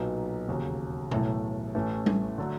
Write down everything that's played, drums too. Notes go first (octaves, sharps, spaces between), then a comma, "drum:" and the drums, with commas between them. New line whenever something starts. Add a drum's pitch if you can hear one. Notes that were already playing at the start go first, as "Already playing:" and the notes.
Already playing: B1 A#2 F#3 B3 D#4
E1 D#2 C#3 F#3
B1 A2 E3 A3, drum: tom B2
A1 A2 E3 A3 C#4
drum: tom G3
D3 F#3 A3 D4